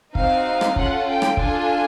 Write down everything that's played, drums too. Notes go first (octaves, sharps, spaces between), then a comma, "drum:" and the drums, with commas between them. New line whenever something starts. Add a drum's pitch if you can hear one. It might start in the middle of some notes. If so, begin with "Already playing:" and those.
C4 D#4 F#4 F5, drum: kick
drum: rim click
C#4 F4 A4 F#5, drum: kick
G5
drum: rim click
D4 F4 A4 G#5, drum: kick